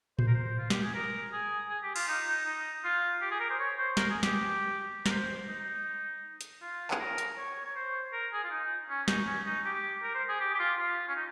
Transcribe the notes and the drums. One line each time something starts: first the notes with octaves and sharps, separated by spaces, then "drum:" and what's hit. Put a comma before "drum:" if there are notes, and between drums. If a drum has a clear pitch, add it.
C5, drum: tom A2
A#4
C5
F4
G4, drum: snare
G#4
A#4
G#4
G#4
G4
F4, drum: cymbal
D#4
D#4
D#4
F4
G4
G#4
A#4
C5
C#5
C5
A#4, drum: snare
G#4
G4, drum: snare
A#4, drum: snare
C5
D#4
drum: hi-hat
F4
G#4, drum: clap
A#4
drum: hi-hat
C#5
C#5
C5
A#4
G#4
F4
D#4
C#4
D#4, drum: snare
C#4
D#4
G4
A#4
C5
G#4
G4
G4
F4
F4
C#4
D#4